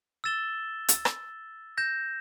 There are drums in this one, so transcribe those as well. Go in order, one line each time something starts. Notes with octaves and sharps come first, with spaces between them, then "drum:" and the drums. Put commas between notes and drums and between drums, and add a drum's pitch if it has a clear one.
E6 A6 E7 G7
drum: hi-hat
drum: rim click
G6 A#6 E7